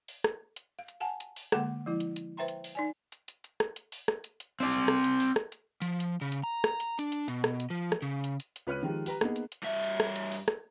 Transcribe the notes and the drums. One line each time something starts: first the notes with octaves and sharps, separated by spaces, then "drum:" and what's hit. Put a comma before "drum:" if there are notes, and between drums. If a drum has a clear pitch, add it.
drum: open hi-hat
drum: rim click
drum: hi-hat
F5
drum: hi-hat
F5 F#5 G#5 A5
drum: hi-hat
drum: open hi-hat
D3 G#3 A#3 F#5 D6, drum: rim click
F3 G#3 E4
drum: hi-hat
drum: hi-hat
B4 C5 E5 G5 A#5 C6
drum: hi-hat
drum: open hi-hat
D#4 D5 G#5
drum: hi-hat
drum: hi-hat
drum: hi-hat
drum: rim click
drum: hi-hat
drum: open hi-hat
drum: rim click
drum: hi-hat
drum: hi-hat
C4 D5
drum: hi-hat
drum: rim click
drum: hi-hat
drum: open hi-hat
drum: rim click
drum: hi-hat
F3, drum: hi-hat
drum: hi-hat
C#3
drum: hi-hat
A#5
drum: rim click
drum: hi-hat
D4, drum: hi-hat
drum: hi-hat
B2, drum: hi-hat
drum: rim click
drum: hi-hat
F3
drum: rim click
C#3
drum: hi-hat
drum: hi-hat
drum: hi-hat
C#2 B4 C#5 F6 F#6 D#7
D#3 F3 G#3 G4
G4 B4 A#5, drum: open hi-hat
A#3 B3 D#4 G#4, drum: rim click
drum: hi-hat
drum: hi-hat
G2 E5
drum: hi-hat
drum: rim click
drum: hi-hat
drum: open hi-hat
drum: rim click